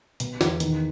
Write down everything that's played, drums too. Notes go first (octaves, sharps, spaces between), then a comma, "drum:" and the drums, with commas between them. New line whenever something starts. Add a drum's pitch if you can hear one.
B2, drum: hi-hat
E2, drum: snare
D#3, drum: hi-hat